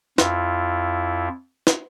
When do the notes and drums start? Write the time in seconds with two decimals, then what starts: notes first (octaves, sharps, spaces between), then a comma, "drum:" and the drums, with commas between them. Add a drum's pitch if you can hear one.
0.18 F2 E4 F4, drum: snare
1.67 drum: snare